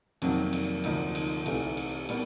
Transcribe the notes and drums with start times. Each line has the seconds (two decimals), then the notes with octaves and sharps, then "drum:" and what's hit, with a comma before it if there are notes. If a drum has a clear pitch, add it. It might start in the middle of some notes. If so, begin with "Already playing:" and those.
0.22 F2 C3 D#3 F#3 A#3, drum: cymbal
0.53 drum: cymbal
0.84 D2 C3 F3 A#3 D#4, drum: cymbal
1.15 drum: cymbal
1.46 C2 C3 E3 A3, drum: cymbal
1.77 drum: cymbal
2.09 B2 G3 A#3, drum: cymbal